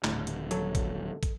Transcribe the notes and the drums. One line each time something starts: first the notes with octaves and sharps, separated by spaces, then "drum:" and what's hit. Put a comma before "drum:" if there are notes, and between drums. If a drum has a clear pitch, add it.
D#1 A2 D3, drum: clap
drum: hi-hat
F#3 A4, drum: hi-hat
drum: kick, hi-hat
drum: kick, hi-hat